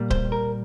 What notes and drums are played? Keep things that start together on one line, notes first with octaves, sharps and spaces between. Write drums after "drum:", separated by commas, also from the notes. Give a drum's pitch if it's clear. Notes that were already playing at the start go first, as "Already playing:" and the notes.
Already playing: A#2 G3 A#3
C5, drum: kick C#1
A#4